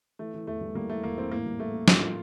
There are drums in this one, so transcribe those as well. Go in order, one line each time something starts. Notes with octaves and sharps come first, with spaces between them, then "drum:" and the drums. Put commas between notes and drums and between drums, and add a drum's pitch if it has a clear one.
E3 A3
E3
E2 A3
G3
G3 A#3
E3 A3
E1 A#3
E3 C4
A2 A#3
G3
A3 A#3
A#3
A2 F4, drum: snare
A#3